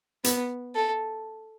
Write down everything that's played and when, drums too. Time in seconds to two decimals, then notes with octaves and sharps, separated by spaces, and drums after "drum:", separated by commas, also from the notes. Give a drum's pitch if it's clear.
0.24 B3, drum: hi-hat
0.75 A4